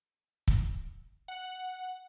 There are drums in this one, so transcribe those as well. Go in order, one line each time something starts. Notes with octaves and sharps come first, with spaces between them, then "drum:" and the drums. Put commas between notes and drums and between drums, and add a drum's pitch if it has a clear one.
drum: kick
F#5